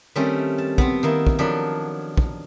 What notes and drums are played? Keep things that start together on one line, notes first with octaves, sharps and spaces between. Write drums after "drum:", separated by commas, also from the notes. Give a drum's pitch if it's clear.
D#3 G3 A3 C4 C#4
A5
B3 C4, drum: kick
D#3 A#3 E4
drum: kick
D#3 F3 F#3 D4 A4 B5
drum: kick